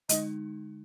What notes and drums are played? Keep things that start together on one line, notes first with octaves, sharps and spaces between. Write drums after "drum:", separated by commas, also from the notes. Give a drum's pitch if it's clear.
D3 G#3 D#4 D#5, drum: hi-hat